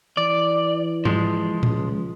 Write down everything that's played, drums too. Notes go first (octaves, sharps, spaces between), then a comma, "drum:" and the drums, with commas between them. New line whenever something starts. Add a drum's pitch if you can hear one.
E3 D5
F3 G#3, drum: tom G#2
C#2, drum: tom A#2